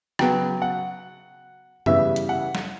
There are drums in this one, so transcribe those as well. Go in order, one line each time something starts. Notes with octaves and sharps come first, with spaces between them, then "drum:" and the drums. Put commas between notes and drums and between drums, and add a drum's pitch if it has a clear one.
C#3 F#3 B3 G5, drum: rim click
F#5
C#3 E3 G3 B3 E5, drum: tom F#2
drum: hi-hat
F#5
drum: snare